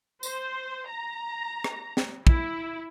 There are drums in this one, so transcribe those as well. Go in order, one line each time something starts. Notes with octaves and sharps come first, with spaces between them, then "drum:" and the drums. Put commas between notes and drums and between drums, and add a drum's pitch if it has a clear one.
C5, drum: tambourine
A#5
drum: rim click
drum: snare
E4, drum: kick